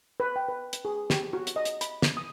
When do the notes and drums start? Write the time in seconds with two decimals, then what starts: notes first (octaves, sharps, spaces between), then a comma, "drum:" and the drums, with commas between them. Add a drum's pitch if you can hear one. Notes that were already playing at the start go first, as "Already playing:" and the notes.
0.20 B4
0.36 G5
0.48 B4
0.73 drum: hi-hat
0.85 G#4
1.10 G4, drum: snare
1.33 F#4
1.47 drum: hi-hat
1.56 D#5
1.65 drum: hi-hat
1.81 B5, drum: hi-hat
2.02 drum: snare
2.17 D#6